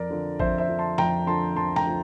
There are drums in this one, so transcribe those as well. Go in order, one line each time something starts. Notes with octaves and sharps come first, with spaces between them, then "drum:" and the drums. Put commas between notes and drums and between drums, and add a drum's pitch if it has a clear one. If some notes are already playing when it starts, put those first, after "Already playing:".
Already playing: F2 A#4 D5
D3 F3
F2 C5 E5, drum: kick A1
C5 E5
D3 F3
A5 C6
F2 G5 A#5, drum: snare
D3 F3 A5 C6
F2 A5 C6
G5 A#5, drum: snare
D3 F3